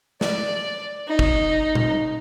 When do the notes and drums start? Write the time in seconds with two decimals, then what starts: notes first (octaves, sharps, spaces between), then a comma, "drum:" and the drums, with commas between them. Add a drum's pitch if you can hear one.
0.21 D5, drum: snare
1.07 D#4
1.19 drum: kick
1.75 drum: tom A#2